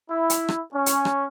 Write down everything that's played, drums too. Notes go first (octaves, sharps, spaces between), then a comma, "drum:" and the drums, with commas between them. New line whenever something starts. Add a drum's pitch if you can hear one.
E4
drum: hi-hat
drum: rim click
C#4
drum: hi-hat
drum: rim click